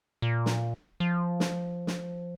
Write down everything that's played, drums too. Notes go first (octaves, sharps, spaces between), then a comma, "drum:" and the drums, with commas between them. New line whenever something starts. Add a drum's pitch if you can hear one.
A#2
drum: snare
F3
drum: snare
drum: snare